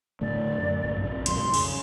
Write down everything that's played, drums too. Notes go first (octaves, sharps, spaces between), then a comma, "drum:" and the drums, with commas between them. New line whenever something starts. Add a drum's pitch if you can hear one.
A2 D3 A3 D5
F#2
A#1 G2 A#2
A#1 C3
B1 F2 G#2 C6, drum: hi-hat
C#3, drum: cymbal